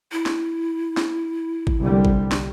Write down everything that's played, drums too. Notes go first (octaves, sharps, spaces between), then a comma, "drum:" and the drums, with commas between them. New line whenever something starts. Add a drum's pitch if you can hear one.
E4
drum: snare
drum: snare
drum: kick G#1
C2 D3 G3
drum: kick G#1
drum: snare